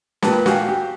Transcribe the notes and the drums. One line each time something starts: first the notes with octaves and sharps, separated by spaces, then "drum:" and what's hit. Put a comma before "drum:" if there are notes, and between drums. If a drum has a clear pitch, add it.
A#2 G4 B4 A5, drum: snare
F#4 G4 F5 G#5, drum: snare
G4